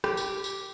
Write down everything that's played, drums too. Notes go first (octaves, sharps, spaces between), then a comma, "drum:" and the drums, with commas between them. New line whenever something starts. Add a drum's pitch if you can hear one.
G4, drum: rim click
drum: tambourine
drum: tambourine